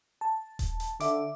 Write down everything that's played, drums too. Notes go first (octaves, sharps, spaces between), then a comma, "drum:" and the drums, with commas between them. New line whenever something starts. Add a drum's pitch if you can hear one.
A5
drum: kick D#1, hi-hat
drum: hi-hat
D3 E5 D6, drum: hi-hat